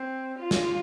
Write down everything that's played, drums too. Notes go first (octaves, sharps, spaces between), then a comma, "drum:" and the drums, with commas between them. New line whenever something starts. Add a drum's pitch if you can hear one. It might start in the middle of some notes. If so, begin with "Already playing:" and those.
Already playing: C4
F4
drum: snare